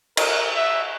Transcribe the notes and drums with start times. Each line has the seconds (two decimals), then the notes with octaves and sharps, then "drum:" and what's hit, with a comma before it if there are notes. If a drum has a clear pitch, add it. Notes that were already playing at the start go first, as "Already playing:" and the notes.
0.17 A#4, drum: cymbal
0.55 E5